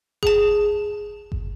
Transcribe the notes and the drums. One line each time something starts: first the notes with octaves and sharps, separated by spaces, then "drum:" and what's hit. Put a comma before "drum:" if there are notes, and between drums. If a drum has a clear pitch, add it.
G#4 A5, drum: kick G1
drum: kick G1